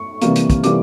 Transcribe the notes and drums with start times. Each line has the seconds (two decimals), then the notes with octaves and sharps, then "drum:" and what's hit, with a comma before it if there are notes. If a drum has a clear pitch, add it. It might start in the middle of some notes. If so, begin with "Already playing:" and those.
Already playing: C#6
0.21 C3 E3 G3 A#3, drum: hi-hat
0.36 drum: hi-hat
0.50 drum: kick, hi-hat
0.64 C3 E3 G3 A#3 D6, drum: hi-hat